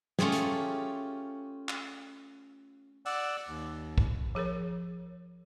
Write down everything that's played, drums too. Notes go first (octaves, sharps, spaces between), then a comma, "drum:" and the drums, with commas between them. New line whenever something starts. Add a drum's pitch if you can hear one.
A3 C#4 F4 G4 G#4, drum: snare
drum: hi-hat
drum: clap
D5 F#5 E6, drum: open hi-hat
D#2
drum: kick
F3 G#4 A#4 C#5